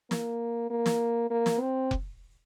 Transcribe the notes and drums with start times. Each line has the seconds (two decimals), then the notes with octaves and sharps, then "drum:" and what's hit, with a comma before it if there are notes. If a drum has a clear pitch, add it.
0.11 A#3, drum: snare
0.70 A#3
0.86 drum: snare
1.30 A#3
1.46 drum: snare
1.61 C4
1.91 drum: kick F1